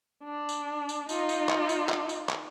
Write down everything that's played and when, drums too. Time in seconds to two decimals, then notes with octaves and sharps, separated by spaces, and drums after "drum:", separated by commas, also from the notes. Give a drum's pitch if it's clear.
0.25 D4
0.49 drum: tambourine
0.89 drum: tambourine
1.09 D#4 F4, drum: tambourine
1.29 drum: tambourine
1.49 drum: clap
1.69 drum: tambourine
1.89 drum: clap
2.09 drum: tambourine
2.29 drum: clap